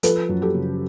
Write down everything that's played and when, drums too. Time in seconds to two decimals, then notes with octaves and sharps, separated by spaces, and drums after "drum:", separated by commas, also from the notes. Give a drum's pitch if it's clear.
0.03 F3 A4 B4, drum: hi-hat
0.29 F#2
0.42 G4 A4
0.55 C#3